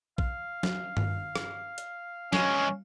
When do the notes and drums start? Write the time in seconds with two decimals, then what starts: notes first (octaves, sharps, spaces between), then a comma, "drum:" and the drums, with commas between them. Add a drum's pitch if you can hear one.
0.18 F5, drum: kick A#1
0.63 drum: snare
0.97 drum: tom G2
1.36 drum: rim click
1.78 drum: hi-hat
2.33 E3 G#3 C#4, drum: snare